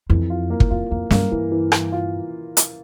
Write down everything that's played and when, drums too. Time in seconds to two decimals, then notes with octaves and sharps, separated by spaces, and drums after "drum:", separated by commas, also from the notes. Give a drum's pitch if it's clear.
0.10 F2 E3
0.30 F4
0.50 A#3
0.60 drum: kick
0.71 F2 F4
0.91 F2 A#3
1.11 G2 A#3, drum: snare
1.32 G2 E3
1.52 E3
1.72 E3, drum: rim click
1.92 F4
2.57 drum: hi-hat